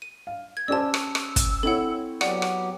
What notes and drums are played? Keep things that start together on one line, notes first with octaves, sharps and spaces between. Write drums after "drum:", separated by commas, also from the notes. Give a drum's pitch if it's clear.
D#7
F5
G#6
C#4 G4 C5 D5 A5 E6
drum: rim click
drum: rim click
drum: kick, hi-hat
C4 E4 A4 C#5 F#5
F#3 B3 G4 D5 F#5, drum: rim click
drum: rim click